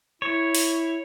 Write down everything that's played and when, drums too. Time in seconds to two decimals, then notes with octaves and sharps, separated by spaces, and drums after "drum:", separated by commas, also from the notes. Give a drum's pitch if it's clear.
0.22 E4 C#5
0.55 drum: open hi-hat